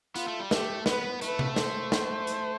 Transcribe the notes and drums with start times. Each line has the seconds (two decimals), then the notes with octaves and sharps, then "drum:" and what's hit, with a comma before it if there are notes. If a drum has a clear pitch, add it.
0.15 B3 F4, drum: hi-hat
0.28 A3
0.40 G3
0.51 A3 G4, drum: snare
0.86 B3 B4, drum: snare
1.22 A3 B4, drum: hi-hat
1.39 drum: tom C3
1.56 C5, drum: snare
1.92 drum: snare
2.27 drum: hi-hat